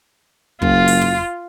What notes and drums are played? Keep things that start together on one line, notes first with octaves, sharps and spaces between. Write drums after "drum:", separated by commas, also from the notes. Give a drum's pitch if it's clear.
F#1 F4, drum: kick
drum: open hi-hat
drum: tom